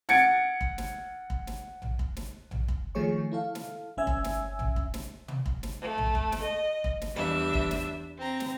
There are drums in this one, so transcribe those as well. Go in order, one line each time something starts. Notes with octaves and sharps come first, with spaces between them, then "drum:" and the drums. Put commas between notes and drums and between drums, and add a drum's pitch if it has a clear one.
F#5 G#6 A6 C#7 D7, drum: snare
drum: kick
drum: snare
drum: kick
drum: snare
drum: tom A#1
drum: kick
drum: snare
drum: tom A#1
drum: kick
D#3 F3 A3 G#4 C#5 C#6
E4 A4 F5
drum: snare
G1 C#4 E5 G#5 E6 G#6
drum: kick
drum: snare
drum: tom A#1
drum: kick
drum: snare
drum: tom
drum: kick
drum: snare
A3
drum: tom A#1
drum: kick
drum: snare
D#5
drum: kick
drum: snare
E2 G3 D4 E5
drum: kick
drum: snare
C4 A#5
drum: snare